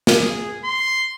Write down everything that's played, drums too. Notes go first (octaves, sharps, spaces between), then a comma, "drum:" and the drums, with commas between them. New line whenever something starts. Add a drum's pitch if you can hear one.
drum: snare
G#4
C6